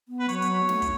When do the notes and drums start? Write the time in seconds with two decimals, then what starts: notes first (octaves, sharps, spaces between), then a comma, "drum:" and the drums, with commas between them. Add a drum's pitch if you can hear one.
0.08 B3
0.20 B4
0.29 F#3 C#5, drum: hi-hat
0.42 drum: hi-hat
0.62 B3
0.69 A3, drum: snare
0.82 drum: kick, hi-hat